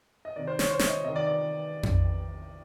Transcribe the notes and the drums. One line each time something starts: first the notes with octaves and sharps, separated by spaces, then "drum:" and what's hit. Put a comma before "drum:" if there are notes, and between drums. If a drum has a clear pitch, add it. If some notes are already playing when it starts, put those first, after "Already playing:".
D#5
C3 D#3 D5
C5
C#5, drum: snare
C5
C#5, drum: snare
D#5
C3 D#3 D#5
D5
D5
drum: tom F2